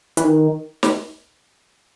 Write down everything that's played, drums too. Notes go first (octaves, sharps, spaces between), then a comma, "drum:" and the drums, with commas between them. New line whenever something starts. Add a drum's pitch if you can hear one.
E3, drum: hi-hat
D#3
drum: snare